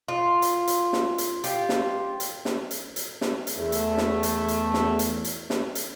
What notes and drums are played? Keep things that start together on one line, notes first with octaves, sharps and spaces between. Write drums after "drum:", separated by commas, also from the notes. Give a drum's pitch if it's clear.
F4
drum: hi-hat
drum: hi-hat
drum: snare
drum: hi-hat
F4 G4, drum: hi-hat
drum: snare
drum: hi-hat
drum: snare
drum: hi-hat
drum: hi-hat
drum: snare
drum: hi-hat
E2 A3
drum: hi-hat
drum: snare
drum: hi-hat
drum: hi-hat
drum: snare
drum: hi-hat
drum: hi-hat
drum: snare
drum: hi-hat